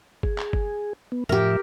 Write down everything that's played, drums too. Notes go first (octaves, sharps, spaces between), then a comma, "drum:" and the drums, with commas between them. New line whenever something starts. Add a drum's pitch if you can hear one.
G#4, drum: kick
drum: clap
drum: kick
B3
A2 F3 G4 A#4 E5, drum: tom F2